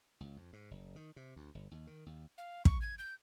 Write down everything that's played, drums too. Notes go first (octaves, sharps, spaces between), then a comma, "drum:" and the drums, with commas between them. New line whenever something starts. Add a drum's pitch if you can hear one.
C#2
F2
G#2
F#1
D#3
C3
D2
G1
D#2
D#3
D#2
F5
C#6, drum: kick
G#6
G6